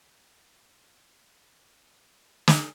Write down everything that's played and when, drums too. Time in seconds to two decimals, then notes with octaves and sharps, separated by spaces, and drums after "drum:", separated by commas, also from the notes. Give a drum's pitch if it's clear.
0.85 F#4 C5
2.48 drum: snare